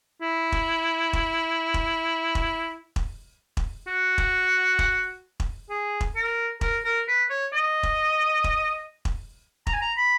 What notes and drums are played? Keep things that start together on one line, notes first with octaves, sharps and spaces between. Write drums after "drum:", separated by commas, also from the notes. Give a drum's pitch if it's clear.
E4
drum: kick E1
drum: kick E1
drum: kick E1
drum: kick E1
drum: kick E1
drum: kick E1
F#4
drum: kick E1
drum: kick E1
drum: kick E1
G#4
drum: kick E1
A#4
A#4, drum: kick E1
A#4
B4
C#5
D#5
drum: kick E1
drum: kick E1
drum: kick E1
A#5, drum: kick E1
G#5
A#5
B5